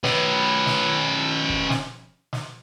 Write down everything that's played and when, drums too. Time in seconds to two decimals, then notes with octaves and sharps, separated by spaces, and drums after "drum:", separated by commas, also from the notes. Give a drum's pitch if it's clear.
0.04 C#4 B4, drum: snare
0.66 drum: snare
1.49 drum: kick
1.70 drum: snare
2.33 drum: snare